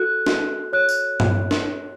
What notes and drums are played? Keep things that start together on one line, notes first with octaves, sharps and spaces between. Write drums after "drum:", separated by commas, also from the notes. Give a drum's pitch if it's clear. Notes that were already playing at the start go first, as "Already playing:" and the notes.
Already playing: F#4 A4 F#6
F#4, drum: snare
C#5 F#6
drum: tambourine
drum: tom G2
drum: snare